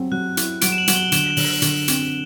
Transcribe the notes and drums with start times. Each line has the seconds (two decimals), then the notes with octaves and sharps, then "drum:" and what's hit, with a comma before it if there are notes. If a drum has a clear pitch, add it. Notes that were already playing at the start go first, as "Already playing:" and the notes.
Already playing: F#3 C4
0.12 F#3 F#6
0.37 E4, drum: hi-hat
0.61 F#3 D7, drum: hi-hat
0.72 E7
0.78 F#7
0.87 F#3, drum: hi-hat
0.96 G7
1.12 D3 E7, drum: hi-hat
1.37 D3 F#7, drum: open hi-hat
1.62 D3, drum: hi-hat
1.88 C4, drum: hi-hat